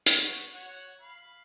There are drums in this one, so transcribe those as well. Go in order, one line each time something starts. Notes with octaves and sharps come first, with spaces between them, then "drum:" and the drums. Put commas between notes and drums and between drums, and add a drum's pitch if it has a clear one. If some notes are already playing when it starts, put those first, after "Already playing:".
drum: hi-hat
F#4 B4
F#4 C#5 F#5
F5 B5